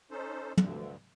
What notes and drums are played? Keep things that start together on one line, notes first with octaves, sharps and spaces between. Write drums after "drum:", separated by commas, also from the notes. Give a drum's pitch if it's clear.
C#4 D#4 A4 C5
D2 G2 D3, drum: tom